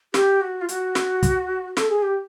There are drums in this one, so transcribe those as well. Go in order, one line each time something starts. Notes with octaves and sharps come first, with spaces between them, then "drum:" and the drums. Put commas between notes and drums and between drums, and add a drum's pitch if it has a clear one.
G4, drum: snare
F#4
F4
F#4, drum: hi-hat
drum: snare
drum: kick, hi-hat
A4, drum: snare
G#4
G4